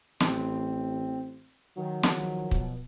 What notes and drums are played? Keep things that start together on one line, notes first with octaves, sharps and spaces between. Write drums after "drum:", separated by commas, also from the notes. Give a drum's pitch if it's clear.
A1 C4, drum: snare
D#3 F#3
drum: snare
F3
B2, drum: kick